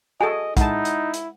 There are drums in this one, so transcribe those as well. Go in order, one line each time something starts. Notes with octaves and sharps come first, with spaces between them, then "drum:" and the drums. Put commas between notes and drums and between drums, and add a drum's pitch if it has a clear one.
F#4 G#4 A4 D#5 G#5
G#3 D#4 E4 F#5 A5, drum: kick, hi-hat
drum: hi-hat
drum: hi-hat